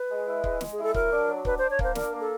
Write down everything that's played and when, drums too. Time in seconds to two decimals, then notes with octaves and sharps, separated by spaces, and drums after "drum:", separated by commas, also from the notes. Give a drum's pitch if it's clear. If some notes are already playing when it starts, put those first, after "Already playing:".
Already playing: B4
0.10 G#3
0.27 E4
0.44 G#3, drum: kick C#1
0.61 G#3, drum: snare
0.73 G#4
0.78 E4
0.83 A4
0.94 F#3 A#4, drum: kick C#1
1.12 D4
1.28 F#3
1.45 D4 B4, drum: kick C#1
1.58 D4 C5
1.70 C#5
1.79 A#3 C5, drum: kick C#1
1.95 D4 A#4, drum: snare
2.13 A#3
2.21 A4